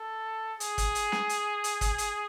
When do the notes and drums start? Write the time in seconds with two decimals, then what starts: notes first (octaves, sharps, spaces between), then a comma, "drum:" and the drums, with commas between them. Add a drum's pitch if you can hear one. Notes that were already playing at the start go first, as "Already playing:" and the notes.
Already playing: A4
0.60 G#4, drum: hi-hat
0.78 drum: kick, hi-hat
0.95 drum: hi-hat
1.12 drum: snare
1.29 drum: hi-hat
1.64 drum: hi-hat
1.81 drum: kick, hi-hat
1.98 drum: hi-hat